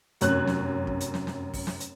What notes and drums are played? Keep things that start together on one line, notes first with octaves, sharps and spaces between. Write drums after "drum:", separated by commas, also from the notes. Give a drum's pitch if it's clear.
F1 F#2 C#5 F#6, drum: hi-hat
drum: snare
drum: kick
drum: hi-hat
drum: snare
drum: snare
drum: kick, open hi-hat
drum: snare
drum: hi-hat